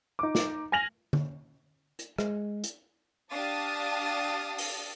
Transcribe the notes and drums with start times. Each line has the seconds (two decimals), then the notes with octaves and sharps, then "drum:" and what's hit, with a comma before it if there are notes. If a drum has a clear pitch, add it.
0.19 D#4 D6
0.35 drum: snare
0.72 G#5 F6 A#6 F7 F#7
1.13 drum: tom D3
1.99 drum: hi-hat
2.18 G#3, drum: rim click
2.64 drum: hi-hat
3.30 D4 G4 F5 A5 D#6 A6
4.58 drum: open hi-hat